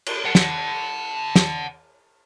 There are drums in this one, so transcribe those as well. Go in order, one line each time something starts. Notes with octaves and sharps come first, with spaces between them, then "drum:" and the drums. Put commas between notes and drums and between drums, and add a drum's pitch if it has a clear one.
drum: cymbal
F#5 A5
drum: snare
drum: snare